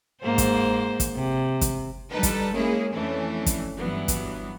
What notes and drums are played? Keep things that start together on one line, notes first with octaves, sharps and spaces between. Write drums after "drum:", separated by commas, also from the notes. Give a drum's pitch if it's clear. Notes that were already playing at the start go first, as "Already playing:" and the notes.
G#2 A#3 C5
drum: kick G1, hi-hat
drum: kick G1, hi-hat
C3
drum: kick G1, hi-hat
D3 G3 D#4 A4 B4
drum: kick G1, hi-hat
G#3 A#3 C#4 E4 G#4
F2 E3 A3 C#4 D4
drum: kick G1, hi-hat
G2 E3 F#3 B3
drum: kick G1, hi-hat